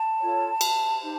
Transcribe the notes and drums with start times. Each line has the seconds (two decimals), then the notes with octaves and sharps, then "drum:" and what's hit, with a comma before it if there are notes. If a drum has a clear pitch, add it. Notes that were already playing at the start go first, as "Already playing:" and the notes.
Already playing: A5
0.21 F4 A4 C#5
0.61 drum: cymbal
0.99 D#4 G4 C5